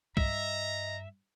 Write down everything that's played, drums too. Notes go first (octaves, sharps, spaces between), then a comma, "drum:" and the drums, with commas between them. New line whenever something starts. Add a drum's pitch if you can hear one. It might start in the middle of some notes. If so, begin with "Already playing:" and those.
G2 D#5 E5 A#5, drum: kick